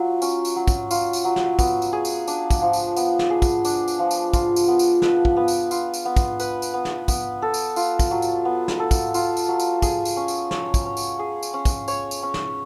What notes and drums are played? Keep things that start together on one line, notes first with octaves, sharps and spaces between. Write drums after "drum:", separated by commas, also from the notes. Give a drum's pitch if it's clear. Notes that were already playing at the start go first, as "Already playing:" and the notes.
Already playing: F#3 F4
C#4, drum: tambourine
drum: tambourine
F#3
drum: kick, tambourine
F4, drum: tambourine
drum: tambourine
F#3
drum: snare
B3, drum: kick, tambourine
drum: tambourine
G#4
drum: tambourine
D4, drum: tambourine
drum: kick, tambourine
F3
drum: tambourine
B3, drum: tambourine
drum: snare
G#4
drum: kick, tambourine
D4, drum: tambourine
drum: tambourine
F3
drum: tambourine
F4, drum: kick, tambourine
drum: tambourine
B3
drum: tambourine
B4, drum: snare
drum: kick
B3
drum: tambourine
F4, drum: tambourine
drum: tambourine
B3
drum: kick, tambourine
B4, drum: tambourine
drum: tambourine
B3
drum: snare
B3, drum: kick, tambourine
A4
drum: tambourine
F4, drum: tambourine
drum: kick, tambourine
F#3
drum: tambourine
B3
drum: snare
A4
drum: kick, tambourine
F4, drum: tambourine
drum: tambourine
F#3
drum: tambourine
G#4, drum: kick, tambourine
drum: tambourine
C#4
drum: tambourine
C#5, drum: snare
drum: kick, tambourine
C#4
drum: tambourine
G#4
drum: tambourine
C#4
drum: kick, tambourine
C#5, drum: tambourine
drum: tambourine
C#4
drum: snare